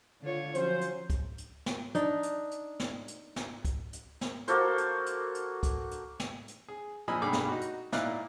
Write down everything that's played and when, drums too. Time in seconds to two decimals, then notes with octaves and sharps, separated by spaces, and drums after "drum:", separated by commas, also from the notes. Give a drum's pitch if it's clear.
0.21 D3 F4 C#5
0.55 F3 F#3 C#4 C5, drum: hi-hat
0.81 drum: hi-hat
1.10 drum: kick, hi-hat
1.38 drum: hi-hat
1.66 drum: snare
1.95 D4 D#4, drum: hi-hat
2.23 drum: hi-hat
2.51 drum: hi-hat
2.80 drum: snare
3.08 drum: hi-hat
3.36 drum: snare
3.65 drum: kick, hi-hat
3.93 drum: hi-hat
4.21 drum: snare
4.48 A#3 F#4 A4 C5, drum: hi-hat
4.78 drum: hi-hat
5.06 drum: hi-hat
5.35 drum: hi-hat
5.63 drum: kick, hi-hat
5.91 drum: hi-hat
6.20 drum: snare
6.48 drum: hi-hat
6.68 G#4
7.08 A#2 F3 D#5 G#5 B5 E6
7.22 B1 G2 G#4 B5 D6
7.33 drum: snare
7.48 D#4 F#4
7.61 drum: hi-hat
7.92 A#2 D#4 E4 D5 F5 F#6, drum: snare